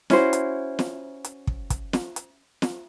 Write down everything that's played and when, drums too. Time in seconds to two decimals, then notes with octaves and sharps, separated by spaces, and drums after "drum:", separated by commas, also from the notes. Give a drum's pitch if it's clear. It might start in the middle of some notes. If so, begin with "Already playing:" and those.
0.10 C#4 E4 F#4 C5, drum: snare
0.33 drum: hi-hat
0.79 drum: snare
1.24 drum: hi-hat
1.47 drum: kick
1.70 drum: kick, hi-hat
1.93 drum: snare
2.16 drum: hi-hat
2.62 drum: snare